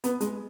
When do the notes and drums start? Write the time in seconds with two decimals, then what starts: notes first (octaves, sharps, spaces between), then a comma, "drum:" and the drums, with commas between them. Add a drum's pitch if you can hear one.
0.04 B3, drum: hi-hat
0.20 G#3, drum: hi-hat